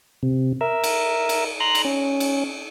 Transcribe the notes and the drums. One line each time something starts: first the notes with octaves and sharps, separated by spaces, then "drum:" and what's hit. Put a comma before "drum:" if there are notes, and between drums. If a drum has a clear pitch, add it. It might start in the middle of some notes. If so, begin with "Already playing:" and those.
C3
A#4 E5
drum: cymbal
drum: cymbal
A#5 C6 F#6
drum: cymbal
C#4
drum: cymbal